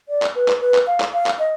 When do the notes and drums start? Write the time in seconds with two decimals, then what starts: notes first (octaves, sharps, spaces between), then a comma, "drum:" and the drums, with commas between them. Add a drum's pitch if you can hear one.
0.09 D5
0.22 drum: clap
0.35 B4
0.48 drum: clap
0.61 B4
0.74 drum: clap
0.87 F5
1.00 drum: clap
1.13 F5
1.26 drum: clap
1.39 D#5